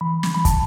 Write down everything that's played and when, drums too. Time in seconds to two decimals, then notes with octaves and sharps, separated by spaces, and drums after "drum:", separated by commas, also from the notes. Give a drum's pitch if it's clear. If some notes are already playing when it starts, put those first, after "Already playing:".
0.01 E3 B5
0.23 drum: snare
0.34 B5
0.45 A5, drum: kick, hi-hat